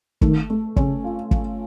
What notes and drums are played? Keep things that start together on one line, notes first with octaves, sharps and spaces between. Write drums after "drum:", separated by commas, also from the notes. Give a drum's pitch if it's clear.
D#3 A3, drum: kick
A3
C#3 C#4, drum: kick
F4
drum: kick